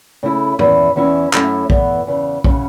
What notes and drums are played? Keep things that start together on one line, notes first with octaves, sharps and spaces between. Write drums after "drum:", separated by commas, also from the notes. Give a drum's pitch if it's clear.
C#3 A3 E4
E2 E3 C#4 E4, drum: tom G#2
E2 E3 C#4 E4
F#2 F#3 A3 C#4 E4, drum: clap
E2 E3 B3 E4, drum: kick
E2 C#3 E3
C#3 F#3 C#4 E4, drum: kick